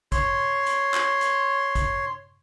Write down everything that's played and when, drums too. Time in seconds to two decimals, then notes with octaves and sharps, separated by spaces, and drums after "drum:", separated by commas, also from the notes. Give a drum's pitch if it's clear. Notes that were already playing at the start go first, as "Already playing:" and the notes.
0.12 C#5 C6, drum: kick, hi-hat
0.66 drum: hi-hat
0.94 drum: clap
1.21 drum: hi-hat
1.75 drum: kick, hi-hat